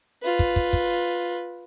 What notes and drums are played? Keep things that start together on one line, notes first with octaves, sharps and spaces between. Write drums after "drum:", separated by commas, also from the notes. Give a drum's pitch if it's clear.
F4 B4
drum: kick
drum: kick
drum: kick